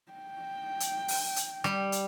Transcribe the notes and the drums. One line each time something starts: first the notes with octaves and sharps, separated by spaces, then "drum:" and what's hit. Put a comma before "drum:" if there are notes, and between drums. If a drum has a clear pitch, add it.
G5
drum: hi-hat
drum: open hi-hat
drum: hi-hat
G3, drum: rim click
drum: hi-hat